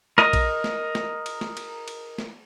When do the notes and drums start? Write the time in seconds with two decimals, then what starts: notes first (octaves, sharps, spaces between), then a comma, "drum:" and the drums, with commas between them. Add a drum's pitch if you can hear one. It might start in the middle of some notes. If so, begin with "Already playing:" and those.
0.18 A#4 D#5, drum: snare
0.33 drum: kick A#1, cymbal
0.64 drum: snare
0.95 drum: snare
1.26 drum: cymbal
1.41 drum: snare
1.57 drum: cymbal
1.88 drum: cymbal
2.18 drum: snare